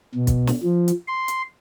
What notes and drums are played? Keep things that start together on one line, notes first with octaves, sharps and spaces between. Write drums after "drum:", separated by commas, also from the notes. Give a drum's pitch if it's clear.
B2
drum: kick, hi-hat
drum: snare
F3
drum: hi-hat
C6
drum: hi-hat